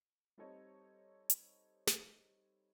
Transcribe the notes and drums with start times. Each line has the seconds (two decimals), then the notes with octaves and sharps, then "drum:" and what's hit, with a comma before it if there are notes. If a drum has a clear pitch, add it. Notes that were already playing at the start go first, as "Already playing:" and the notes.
0.38 G3 C4 D#4 A4 C#5 D#5
1.30 drum: hi-hat
1.87 drum: snare